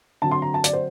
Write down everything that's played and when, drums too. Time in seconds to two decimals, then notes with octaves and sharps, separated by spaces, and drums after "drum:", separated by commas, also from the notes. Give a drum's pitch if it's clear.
0.22 D3 F#3 C4 A5
0.31 C6
0.42 A#5
0.54 A5
0.64 D5, drum: hi-hat
0.73 C5